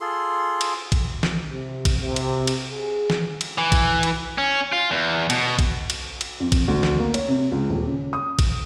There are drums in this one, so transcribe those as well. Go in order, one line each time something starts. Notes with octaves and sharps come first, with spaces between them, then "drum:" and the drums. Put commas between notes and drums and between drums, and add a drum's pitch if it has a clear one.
F4 G#4 A4 C6
drum: cymbal
drum: kick A1, cymbal
drum: snare
C3
drum: kick A1, cymbal
C3
drum: cymbal
drum: cymbal
G#4
drum: snare
drum: cymbal
E3
drum: kick A1, cymbal
drum: cymbal
C#4
F4
E2
B2, drum: cymbal
drum: kick A1, cymbal
drum: cymbal
drum: cymbal
F2
drum: kick A1, cymbal
D2
drum: snare
A#3
C#5, drum: cymbal
C3
C#2
D#1
C#3
D#6
drum: kick A1, cymbal